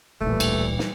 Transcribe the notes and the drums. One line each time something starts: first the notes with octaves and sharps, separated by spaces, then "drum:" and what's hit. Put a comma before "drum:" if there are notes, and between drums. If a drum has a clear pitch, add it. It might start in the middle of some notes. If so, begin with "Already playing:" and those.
D1 A#1 A#2 E3 G3 A3
drum: cymbal
drum: snare